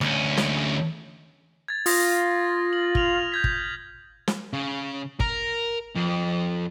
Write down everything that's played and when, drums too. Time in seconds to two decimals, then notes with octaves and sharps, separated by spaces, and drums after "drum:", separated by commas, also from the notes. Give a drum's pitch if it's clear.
0.01 D2 C#4, drum: rim click
0.37 drum: snare
1.68 G#6 A6
1.86 F4 D#6 A#6, drum: open hi-hat
2.73 F#7
2.95 F6 F7 F#7, drum: kick
3.32 G6 G#6 B6
3.44 drum: kick
4.28 drum: snare
4.53 C#3
5.20 A#4, drum: kick
5.96 F2